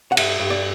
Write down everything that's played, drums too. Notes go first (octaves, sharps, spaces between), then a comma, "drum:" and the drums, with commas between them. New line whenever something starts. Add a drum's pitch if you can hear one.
F#5
G2 E5, drum: cymbal
G2
D5